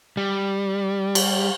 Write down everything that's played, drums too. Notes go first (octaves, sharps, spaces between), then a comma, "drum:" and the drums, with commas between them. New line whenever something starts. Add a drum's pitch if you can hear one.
G3
drum: cymbal